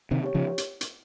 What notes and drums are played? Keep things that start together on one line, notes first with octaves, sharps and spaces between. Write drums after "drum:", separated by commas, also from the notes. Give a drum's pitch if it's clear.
C3 D#3
G4 C#5
C#3 F3
drum: hi-hat
drum: hi-hat